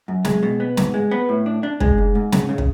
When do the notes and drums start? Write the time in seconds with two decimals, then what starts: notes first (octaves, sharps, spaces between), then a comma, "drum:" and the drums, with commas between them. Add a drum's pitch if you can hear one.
0.08 F#2
0.25 G#3, drum: snare
0.43 B2
0.60 B3
0.77 G#2, drum: snare
0.94 G#3
1.11 B3
1.29 A2
1.46 D4
1.63 D4
1.80 G#3, drum: kick
1.98 G#2
2.15 G#2
2.32 C#3, drum: snare
2.49 C#3
2.58 drum: kick